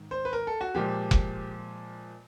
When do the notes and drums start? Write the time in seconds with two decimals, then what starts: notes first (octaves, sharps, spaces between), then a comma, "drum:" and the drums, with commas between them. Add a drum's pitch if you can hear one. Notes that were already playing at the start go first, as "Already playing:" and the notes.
Already playing: G#2 D#3
0.11 C5
0.25 B4
0.33 A#4
0.47 A4
0.61 F#4
0.75 A#2 F3 G#3 G4
1.11 drum: kick F1